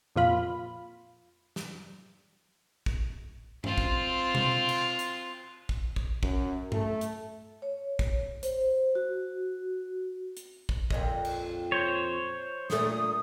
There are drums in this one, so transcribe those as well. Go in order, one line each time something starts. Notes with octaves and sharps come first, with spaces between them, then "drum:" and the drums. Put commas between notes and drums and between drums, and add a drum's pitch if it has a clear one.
F2 A#2 F4 B5
drum: snare
drum: kick
C4 F4, drum: tom G2
drum: kick
drum: tom B2
drum: cymbal
drum: hi-hat
drum: kick
drum: kick
F#2, drum: kick
A3, drum: tom G2
drum: hi-hat
C#5
drum: kick
C5, drum: hi-hat
F#4
drum: hi-hat
drum: kick
F2 A#2 D#5, drum: kick
drum: cymbal
C5 C#5
A#2 D3 A3 D#6, drum: snare